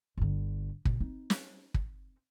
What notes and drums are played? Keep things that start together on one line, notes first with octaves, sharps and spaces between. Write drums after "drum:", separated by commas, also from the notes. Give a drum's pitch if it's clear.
G1 D3
A#2 C#3, drum: kick
C4 D#4
drum: snare
drum: kick